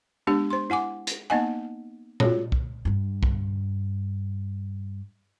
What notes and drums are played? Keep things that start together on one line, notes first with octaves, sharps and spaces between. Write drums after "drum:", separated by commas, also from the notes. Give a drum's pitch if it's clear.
G#3 B3 D4 G4
C5 C6
E4 F#5 G#5 D6
drum: hi-hat
A#3 B3 D#4 D#5 F#5 G#5
F4 F#4 G#4 C#5, drum: tom A#2
drum: kick
G2 D4
drum: kick